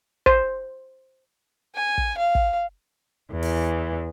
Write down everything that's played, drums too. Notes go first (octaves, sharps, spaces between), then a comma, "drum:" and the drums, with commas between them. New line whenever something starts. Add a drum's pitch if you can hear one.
C5, drum: kick
G#5
drum: kick
F5
drum: kick
E2 E3
drum: open hi-hat